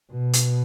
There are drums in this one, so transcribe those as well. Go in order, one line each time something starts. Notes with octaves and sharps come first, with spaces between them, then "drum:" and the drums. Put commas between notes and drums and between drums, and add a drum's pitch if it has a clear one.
B2
drum: hi-hat